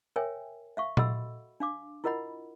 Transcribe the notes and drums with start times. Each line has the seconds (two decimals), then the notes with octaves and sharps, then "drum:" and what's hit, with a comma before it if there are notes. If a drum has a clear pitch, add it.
0.16 A#4 C#5 E5 G5 G#5
0.77 E5 F5 C#6
0.97 F#4 A4 D#5 F#5 B5 E6, drum: tom A#2
1.60 D4 F5 D6
2.04 E4 F4 A#4 D#5 F#5 B5